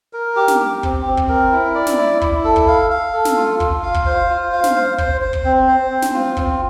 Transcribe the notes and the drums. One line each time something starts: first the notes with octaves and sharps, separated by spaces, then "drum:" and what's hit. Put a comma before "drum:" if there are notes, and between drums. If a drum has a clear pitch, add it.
A#4
G4
drum: snare
G4
C4, drum: kick
C4
drum: kick
A#4
E4
D5
drum: snare
E4
E4, drum: kick
A4
drum: kick
F5
F5
A4
drum: snare
F4
F4, drum: kick
F5
drum: kick
C5
F4
F5
drum: snare
C5
C5, drum: kick
C5
drum: kick
C4
C5
C4
drum: snare
F4
C4, drum: kick